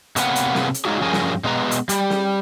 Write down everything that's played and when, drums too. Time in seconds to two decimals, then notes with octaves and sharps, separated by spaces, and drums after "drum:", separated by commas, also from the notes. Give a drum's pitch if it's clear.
0.16 C3 A#3 B3 C#4 B4 F#5, drum: hi-hat
0.36 drum: hi-hat
0.55 drum: snare
0.74 drum: hi-hat
0.85 F#3 G#3 D#4 F4 F#4 G#4
1.01 G2 F3 C#4 G#4 A#4 G#5
1.13 drum: snare
1.44 B2 G#3 B3 B4 A#5
1.71 drum: hi-hat
1.89 G3, drum: hi-hat
2.10 drum: snare